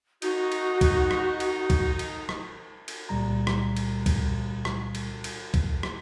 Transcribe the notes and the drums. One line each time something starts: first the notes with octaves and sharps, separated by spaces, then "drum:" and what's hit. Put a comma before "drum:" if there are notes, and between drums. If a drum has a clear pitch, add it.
D#4 F#4, drum: cymbal
drum: cymbal
drum: kick B1, cymbal
drum: rim click
drum: cymbal
drum: kick B1, cymbal
drum: cymbal
drum: rim click
drum: cymbal
C#2 A#2 G3 A#5
drum: rim click
drum: cymbal
drum: kick B1, cymbal
drum: rim click
drum: cymbal
drum: cymbal
drum: kick B1, cymbal
drum: rim click